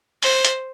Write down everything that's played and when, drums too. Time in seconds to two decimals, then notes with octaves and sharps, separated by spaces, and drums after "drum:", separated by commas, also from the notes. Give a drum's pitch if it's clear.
0.23 C5, drum: open hi-hat
0.45 drum: hi-hat